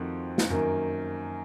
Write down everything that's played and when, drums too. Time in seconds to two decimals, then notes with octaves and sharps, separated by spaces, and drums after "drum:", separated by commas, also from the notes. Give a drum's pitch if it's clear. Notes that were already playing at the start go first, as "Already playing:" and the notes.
Already playing: F2 D#3 A3 C4 F#4
0.38 drum: snare
0.50 F#2 D#3 A#3